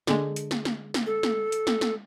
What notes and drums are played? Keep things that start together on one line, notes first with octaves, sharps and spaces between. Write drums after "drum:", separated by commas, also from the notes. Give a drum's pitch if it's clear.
D3 G#3, drum: snare
drum: hi-hat
drum: snare
drum: snare
drum: snare
A4
drum: snare
drum: hi-hat
drum: snare
drum: snare